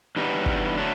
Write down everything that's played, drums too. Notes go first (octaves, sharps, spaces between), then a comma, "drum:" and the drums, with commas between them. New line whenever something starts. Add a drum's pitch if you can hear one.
G2 E3 G3 B3 D#4
drum: kick
D3 F#3 A3